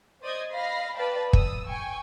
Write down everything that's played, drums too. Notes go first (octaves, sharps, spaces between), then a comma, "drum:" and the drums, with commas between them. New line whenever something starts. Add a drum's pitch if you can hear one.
C5 D5 D#5 D#6 G6 G#6
D#5 F5 B5 A#6 C7
B4 D5 F5 G5 A5 B5
D#6 E6, drum: kick
G5 G#5 C#6